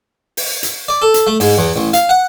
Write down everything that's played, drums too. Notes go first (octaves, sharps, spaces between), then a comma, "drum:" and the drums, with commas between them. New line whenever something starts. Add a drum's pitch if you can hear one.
drum: open hi-hat
drum: hi-hat
D5
A4
drum: hi-hat
A3
G#2, drum: open hi-hat
E2
A1
F5, drum: hi-hat
F#5